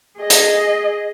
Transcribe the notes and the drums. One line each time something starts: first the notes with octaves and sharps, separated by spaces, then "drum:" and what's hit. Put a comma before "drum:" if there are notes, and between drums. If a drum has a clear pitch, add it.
G#4 D#5
drum: hi-hat